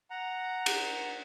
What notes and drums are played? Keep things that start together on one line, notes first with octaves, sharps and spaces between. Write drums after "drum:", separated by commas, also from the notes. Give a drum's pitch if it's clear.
F#5 A#5
drum: cymbal